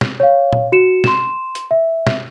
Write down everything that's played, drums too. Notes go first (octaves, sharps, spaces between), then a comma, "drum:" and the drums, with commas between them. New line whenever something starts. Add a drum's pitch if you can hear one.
drum: snare
C#5 F5
drum: tom
F#4 C#7 E7
C6 E7, drum: snare
drum: hi-hat
E5
drum: snare